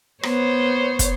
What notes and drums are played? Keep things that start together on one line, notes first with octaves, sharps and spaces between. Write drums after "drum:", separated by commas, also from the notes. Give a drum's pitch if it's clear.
B3 C5 C#5, drum: rim click
drum: kick, hi-hat